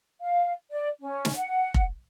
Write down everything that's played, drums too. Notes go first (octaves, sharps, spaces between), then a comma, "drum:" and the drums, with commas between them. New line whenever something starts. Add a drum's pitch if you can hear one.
F5
D5
C#4
drum: snare
F#5
drum: kick F1